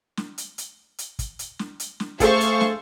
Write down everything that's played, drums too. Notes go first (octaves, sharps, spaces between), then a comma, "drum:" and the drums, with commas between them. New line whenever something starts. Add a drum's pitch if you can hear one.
drum: snare
drum: hi-hat
drum: hi-hat
drum: hi-hat
drum: kick, hi-hat
drum: hi-hat
drum: snare
drum: hi-hat
drum: snare
A3 G#4 A4 C5 F5 C#6, drum: kick, hi-hat
drum: hi-hat
drum: snare